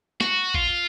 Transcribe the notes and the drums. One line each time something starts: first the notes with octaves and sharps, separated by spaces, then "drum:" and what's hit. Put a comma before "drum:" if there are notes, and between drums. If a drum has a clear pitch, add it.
F#4, drum: snare
F4, drum: kick A1